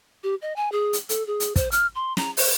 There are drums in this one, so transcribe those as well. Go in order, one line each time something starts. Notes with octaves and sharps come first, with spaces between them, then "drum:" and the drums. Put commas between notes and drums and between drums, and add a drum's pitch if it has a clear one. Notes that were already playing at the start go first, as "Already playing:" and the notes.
G4
D#5
G#5
G#4
drum: hi-hat
A4, drum: hi-hat
G#4
drum: hi-hat
C5, drum: kick, hi-hat
F6, drum: hi-hat
C6
A#5, drum: snare
C5, drum: open hi-hat